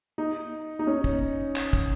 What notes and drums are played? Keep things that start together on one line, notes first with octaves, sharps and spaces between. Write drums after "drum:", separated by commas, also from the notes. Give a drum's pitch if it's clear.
D#4
D#4
C#4
drum: kick
drum: clap
drum: kick